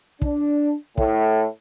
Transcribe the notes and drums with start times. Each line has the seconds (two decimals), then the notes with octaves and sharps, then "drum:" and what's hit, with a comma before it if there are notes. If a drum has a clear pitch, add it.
0.22 D4, drum: kick
0.98 A2, drum: kick